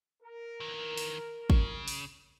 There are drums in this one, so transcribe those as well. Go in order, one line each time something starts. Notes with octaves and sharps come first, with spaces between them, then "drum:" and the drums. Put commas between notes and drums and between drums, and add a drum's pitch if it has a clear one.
A#4
D#3 E3
drum: open hi-hat
C#3, drum: kick
drum: open hi-hat